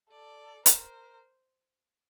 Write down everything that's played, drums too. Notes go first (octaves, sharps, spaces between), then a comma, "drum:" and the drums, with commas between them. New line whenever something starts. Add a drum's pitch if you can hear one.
A4 D5
A#4 C5, drum: hi-hat